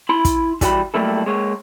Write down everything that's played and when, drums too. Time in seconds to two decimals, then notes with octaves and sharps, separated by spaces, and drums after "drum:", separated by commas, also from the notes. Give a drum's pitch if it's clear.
0.09 E4 B5 C6
0.25 drum: kick, hi-hat
0.61 E3 G3 F#4 F#5 B5, drum: kick, hi-hat
0.94 F#3 G3 A3 A#3 E4 A4
1.26 G#3 A#3 C#5